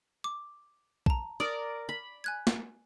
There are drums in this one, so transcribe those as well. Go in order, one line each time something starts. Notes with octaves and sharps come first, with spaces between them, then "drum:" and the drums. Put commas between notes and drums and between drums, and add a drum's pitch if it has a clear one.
D6
A5 A#5, drum: kick A#1
A#4 D5 D#6
B5
G#5 F#6 G#6
drum: snare